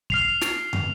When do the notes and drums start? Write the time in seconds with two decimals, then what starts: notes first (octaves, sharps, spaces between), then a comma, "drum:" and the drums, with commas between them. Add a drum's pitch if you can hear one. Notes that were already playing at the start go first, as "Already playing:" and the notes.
0.10 F6 C7 F7, drum: kick
0.41 drum: snare
0.73 drum: tom